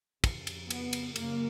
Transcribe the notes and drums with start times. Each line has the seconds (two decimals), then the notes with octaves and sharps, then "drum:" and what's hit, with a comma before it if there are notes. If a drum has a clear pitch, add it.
0.24 F2 C#3, drum: kick, cymbal
0.47 drum: cymbal
0.70 B3, drum: cymbal
0.93 drum: cymbal
1.16 F#2 C#3 A#3, drum: cymbal